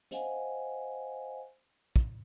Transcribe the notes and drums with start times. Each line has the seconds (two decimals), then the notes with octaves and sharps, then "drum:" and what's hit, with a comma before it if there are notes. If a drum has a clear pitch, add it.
0.11 C5 D#5 F5 F#5 G#5, drum: hi-hat
1.96 drum: kick